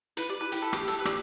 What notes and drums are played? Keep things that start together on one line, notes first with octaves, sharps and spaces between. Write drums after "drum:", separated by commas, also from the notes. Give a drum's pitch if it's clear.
E4 B4, drum: hi-hat
G4 D5
E4 B4
E4 G4, drum: hi-hat
A4
G4, drum: rim click
A4, drum: hi-hat
B4
D5, drum: rim click